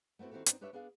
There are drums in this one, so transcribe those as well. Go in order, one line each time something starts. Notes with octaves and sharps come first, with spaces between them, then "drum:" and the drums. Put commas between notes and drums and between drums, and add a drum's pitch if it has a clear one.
A3 B3 C4 E4 F#4
D#3 C4 E4 F#4 G4 A4
B3 C4 D4 D#4, drum: hi-hat
D4 G4 B4 C#5 D5 E5
B3 D4 G#4 D5 F5